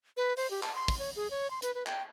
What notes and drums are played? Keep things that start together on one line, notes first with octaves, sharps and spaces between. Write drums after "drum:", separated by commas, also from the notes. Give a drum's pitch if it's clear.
B4
C5, drum: open hi-hat
G4
A5, drum: clap
C6
drum: kick, open hi-hat
C#5
G#4
C#5
C6
B4, drum: hi-hat
B4
G5, drum: clap